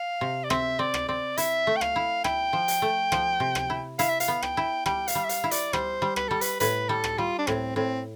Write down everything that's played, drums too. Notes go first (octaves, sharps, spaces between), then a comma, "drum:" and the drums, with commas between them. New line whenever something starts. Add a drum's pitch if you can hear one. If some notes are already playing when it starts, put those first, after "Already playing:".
Already playing: F5
C3
D5
C4 E5, drum: rim click
C4 D5
drum: rim click
C4 D5
E4 E5, drum: hi-hat
A3
G5
F5, drum: rim click
E4
E4 G5, drum: rim click
F3
drum: hi-hat
A3
F3, drum: rim click
C3
drum: rim click
E4
E4 F5, drum: hi-hat
E5
F5, drum: hi-hat
B3
G5, drum: rim click
E4
G3 G5, drum: rim click
F5, drum: hi-hat
G3
E5
F5, drum: hi-hat
E4
D5, drum: hi-hat
G3 C5, drum: rim click
G3
B4, drum: rim click
G3 A4
B4, drum: hi-hat
A2 B4, drum: hi-hat
G3 A4
drum: rim click
G3 F4
D4
A2 C4, drum: rim click
A2 C4